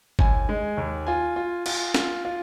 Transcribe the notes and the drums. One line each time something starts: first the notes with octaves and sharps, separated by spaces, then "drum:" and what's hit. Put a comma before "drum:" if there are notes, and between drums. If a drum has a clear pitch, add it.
D#2 G#5, drum: kick
G#3
D#2
F4 G#5
F4
F4, drum: cymbal
F4, drum: snare
F4